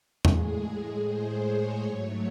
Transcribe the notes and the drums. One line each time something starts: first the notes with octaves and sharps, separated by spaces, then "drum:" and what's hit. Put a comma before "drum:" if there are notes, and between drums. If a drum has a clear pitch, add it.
G#3 G#4, drum: tom E2
A2
C5
C#5
G#2 F#3 A3